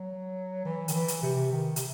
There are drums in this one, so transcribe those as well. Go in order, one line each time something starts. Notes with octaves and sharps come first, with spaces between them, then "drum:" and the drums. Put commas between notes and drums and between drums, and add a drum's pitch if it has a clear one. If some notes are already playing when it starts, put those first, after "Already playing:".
Already playing: F#3
E3
D#3, drum: hi-hat
E3
drum: hi-hat
C3
D#3
C3, drum: hi-hat